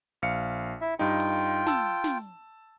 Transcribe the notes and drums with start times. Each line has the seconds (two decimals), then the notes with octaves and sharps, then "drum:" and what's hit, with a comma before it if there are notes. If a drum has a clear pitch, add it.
0.22 A#1 F5 C#7
0.81 E4 E5
0.99 G2 D#4 F4 G5
1.20 drum: hi-hat
1.67 A5 E6, drum: snare
2.04 drum: snare